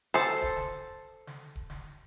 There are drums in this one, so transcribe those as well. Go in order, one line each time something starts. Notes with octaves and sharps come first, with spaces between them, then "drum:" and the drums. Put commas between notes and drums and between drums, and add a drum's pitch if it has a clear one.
A4 C5, drum: snare
drum: kick D1
drum: snare
drum: snare
drum: kick D1
drum: snare